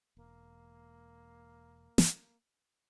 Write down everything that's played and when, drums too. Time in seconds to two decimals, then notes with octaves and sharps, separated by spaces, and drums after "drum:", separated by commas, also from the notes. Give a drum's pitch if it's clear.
0.17 E1 A#3
1.98 drum: snare